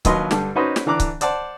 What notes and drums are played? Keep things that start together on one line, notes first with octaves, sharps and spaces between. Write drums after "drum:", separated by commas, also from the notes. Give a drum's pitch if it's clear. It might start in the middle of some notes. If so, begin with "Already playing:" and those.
A#1 D#2 F#3 B4 D#5 C6, drum: kick C#1, hi-hat
G2 D3 G3, drum: snare
C#4 D#4 F#4 B4 C5 D#5
drum: snare
D3 E3 D4 A#5 D6 F#6
drum: kick C#1, hi-hat
C5 D5 F#5 A5, drum: hi-hat